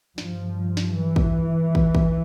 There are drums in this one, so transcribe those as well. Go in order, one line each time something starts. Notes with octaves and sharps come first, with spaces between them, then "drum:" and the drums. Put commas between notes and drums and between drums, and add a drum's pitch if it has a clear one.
G2 F3, drum: snare
drum: snare
E3
drum: kick
drum: kick
drum: kick